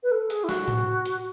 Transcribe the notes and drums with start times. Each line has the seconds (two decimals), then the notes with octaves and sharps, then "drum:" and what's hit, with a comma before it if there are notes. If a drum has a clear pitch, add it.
0.03 B4
0.11 A4
0.30 G#4, drum: hi-hat
0.44 E4
0.49 F#4, drum: snare
0.68 drum: tom A2
1.05 drum: hi-hat